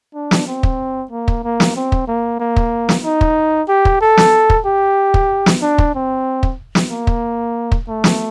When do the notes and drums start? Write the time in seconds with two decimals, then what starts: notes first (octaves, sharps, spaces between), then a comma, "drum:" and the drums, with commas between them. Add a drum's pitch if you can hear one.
0.14 D4
0.31 drum: snare
0.47 C4
0.63 drum: kick
1.11 A#3
1.28 drum: kick
1.44 A#3
1.60 drum: snare
1.76 C4
1.92 drum: kick
2.08 A#3
2.40 A#3
2.56 drum: kick
2.89 drum: snare
3.04 D#4
3.21 drum: kick
3.69 G4
3.85 drum: kick
4.01 A4
4.17 drum: snare
4.50 drum: kick
4.66 G4
5.14 drum: kick
5.46 drum: snare
5.62 D4
5.78 drum: kick
5.95 C4
6.43 drum: kick
6.75 drum: snare
6.91 A#3
7.07 drum: kick
7.72 drum: kick
7.88 A3
8.04 drum: snare